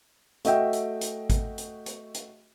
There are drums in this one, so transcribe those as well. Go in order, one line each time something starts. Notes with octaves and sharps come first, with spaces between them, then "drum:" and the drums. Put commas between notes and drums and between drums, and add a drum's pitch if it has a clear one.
A3 F#4 D#5 E5 G5, drum: hi-hat
drum: hi-hat
drum: hi-hat
drum: kick G#1, hi-hat
drum: hi-hat
drum: hi-hat
drum: hi-hat